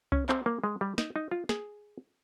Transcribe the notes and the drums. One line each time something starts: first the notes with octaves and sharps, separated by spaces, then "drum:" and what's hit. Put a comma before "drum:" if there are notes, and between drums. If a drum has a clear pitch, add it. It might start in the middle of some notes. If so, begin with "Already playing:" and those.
C#4, drum: kick C2
C4, drum: clap
A#3
G#3
G3
D#4, drum: snare
D#4
F4
G#4, drum: snare